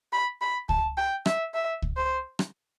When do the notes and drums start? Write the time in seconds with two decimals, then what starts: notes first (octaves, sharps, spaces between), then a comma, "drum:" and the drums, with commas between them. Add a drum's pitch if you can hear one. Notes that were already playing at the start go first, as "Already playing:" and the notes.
0.13 B5
0.41 B5
0.69 A5, drum: kick C#2
0.97 G5
1.26 E5, drum: rim click
1.54 E5
1.82 drum: kick C#2
1.97 C5
2.39 drum: rim click